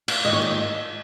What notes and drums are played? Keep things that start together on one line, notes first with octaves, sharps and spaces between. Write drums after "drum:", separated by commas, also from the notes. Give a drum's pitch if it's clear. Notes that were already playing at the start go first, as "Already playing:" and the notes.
F5, drum: cymbal
G#2 D#3 A#3 F4 D#5
C#5
D#5